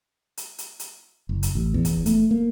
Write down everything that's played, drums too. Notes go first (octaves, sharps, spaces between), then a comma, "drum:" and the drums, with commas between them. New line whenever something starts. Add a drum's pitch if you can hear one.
drum: hi-hat
drum: hi-hat
drum: hi-hat
F#1
drum: hi-hat
A1
E2
drum: kick, hi-hat
A3, drum: hi-hat
A#3